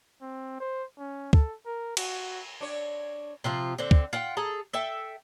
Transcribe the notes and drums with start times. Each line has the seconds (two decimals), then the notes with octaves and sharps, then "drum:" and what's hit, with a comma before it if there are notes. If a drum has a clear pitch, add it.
0.21 C4
0.60 C5
0.98 C#4
1.33 A4, drum: kick
1.66 A#4
1.97 F#4, drum: cymbal
2.61 D4 C#5
3.44 C3 F3 F4
3.78 D3 C4
3.91 drum: kick
4.13 F4 F#5 G5
4.37 G#4 A4 A#5
4.73 A4 E5 G5